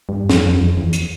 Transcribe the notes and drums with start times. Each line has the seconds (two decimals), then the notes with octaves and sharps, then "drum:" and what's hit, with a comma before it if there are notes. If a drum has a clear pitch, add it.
0.09 G2
0.30 F2, drum: snare
0.45 F2
0.61 F2
0.77 E2
0.93 drum: hi-hat